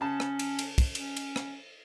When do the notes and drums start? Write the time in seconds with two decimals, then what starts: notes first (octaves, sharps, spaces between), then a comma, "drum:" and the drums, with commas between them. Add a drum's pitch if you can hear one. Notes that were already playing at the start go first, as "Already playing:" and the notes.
0.01 C#3 C#4 A5
0.20 drum: rim click
0.39 drum: cymbal
0.59 drum: cymbal
0.78 drum: kick, cymbal
0.95 C#4, drum: cymbal
1.17 drum: cymbal
1.36 drum: rim click